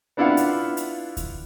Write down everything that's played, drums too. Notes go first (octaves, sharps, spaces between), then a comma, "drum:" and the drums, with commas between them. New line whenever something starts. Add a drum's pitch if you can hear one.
B3 D4 E4 F4 F5 F#5
drum: hi-hat
drum: hi-hat
drum: kick D2, hi-hat